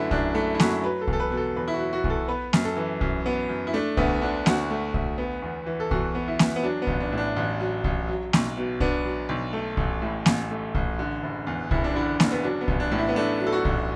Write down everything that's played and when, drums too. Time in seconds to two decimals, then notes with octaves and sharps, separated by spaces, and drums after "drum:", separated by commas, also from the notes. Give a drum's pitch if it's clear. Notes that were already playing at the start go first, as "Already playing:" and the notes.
Already playing: F#2 D3 A3 E4 A4 B4
0.11 F#2 D4, drum: kick
0.35 A3 E4
0.55 E4
0.60 F#2 F#4, drum: snare A#3
0.84 F#3 B4
1.01 A4
1.08 E2, drum: kick
1.13 A4
1.20 B4
1.31 B2
1.37 A4
1.56 E2 B4
1.68 E4
1.74 F#4
1.80 F#3
1.93 F#4
2.04 E2, drum: kick
2.10 A4
2.28 B3 B4
2.53 F#2, drum: snare A#3
2.65 A4
2.77 E3
3.01 F#2, drum: kick
3.26 B3
3.49 F#2
3.67 E4
3.74 A3 D4
3.97 D2 B3, drum: kick
4.21 D3 D4
4.46 D2 F#4, drum: snare A#3
4.70 A3
4.94 D2, drum: kick
5.18 B3
5.42 E2
5.66 E3
5.80 A4
5.91 E2 F#4, drum: kick
6.15 B3
6.28 E4
6.39 E2, drum: snare A#3
6.56 B3
6.63 F#3 D4
6.82 B3
6.87 A1, drum: kick
7.00 D4
7.12 A2
7.18 D4
7.36 A1
7.60 F#3
7.84 A1, drum: kick
8.08 F#3
8.33 B1, drum: snare A#3
8.57 B2
8.80 B3 D4, drum: kick
9.05 F#3
9.29 B1
9.53 A3
9.77 A1, drum: kick
10.02 A2
10.26 A1, drum: snare A#3
10.51 A3
10.75 A1, drum: kick
10.99 D3
11.23 F#1
11.47 E2
11.71 F#1 E4, drum: kick
11.84 D4
11.96 D3 E4
12.20 F#1, drum: snare A#3
12.32 B3
12.44 F#3 D4
12.61 B3
12.68 A1, drum: kick
12.80 D4
12.92 A2
12.98 E4
13.09 B3
13.16 A3 D4
13.40 F#3
13.47 A4
13.53 F#4
13.65 A1, drum: kick